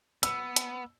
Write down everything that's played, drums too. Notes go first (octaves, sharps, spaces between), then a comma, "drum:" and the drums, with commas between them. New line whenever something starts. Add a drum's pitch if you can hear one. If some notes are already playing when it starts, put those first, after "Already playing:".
B3 E6, drum: hi-hat
drum: hi-hat